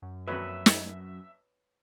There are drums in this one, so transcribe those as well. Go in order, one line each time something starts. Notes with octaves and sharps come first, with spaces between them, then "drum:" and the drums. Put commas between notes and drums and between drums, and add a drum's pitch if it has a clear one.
F#2
F2 A#2 F#3 B4 C#5 E5
drum: snare